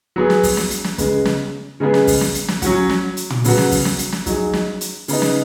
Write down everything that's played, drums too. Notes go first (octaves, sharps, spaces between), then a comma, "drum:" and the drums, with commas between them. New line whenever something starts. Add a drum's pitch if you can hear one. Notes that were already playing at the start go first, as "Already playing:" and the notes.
F#3 B3 G#4
drum: snare
drum: kick, open hi-hat
drum: snare
drum: hi-hat
drum: snare
C#3 G#3 B3, drum: kick, hi-hat
drum: snare
C#3 G#3 B3 G#4
drum: snare
drum: kick, open hi-hat
drum: snare
drum: hi-hat
drum: snare
F#3 C#4 F#4, drum: kick, hi-hat
drum: snare
drum: hi-hat
drum: tom
C#3 F#3 B3 F#4, drum: open hi-hat
drum: snare
drum: kick, open hi-hat
drum: snare
drum: hi-hat
drum: snare
F#3 D#4 G#4, drum: kick, hi-hat
drum: snare
drum: hi-hat
C#3 B3 D#4, drum: open hi-hat
drum: snare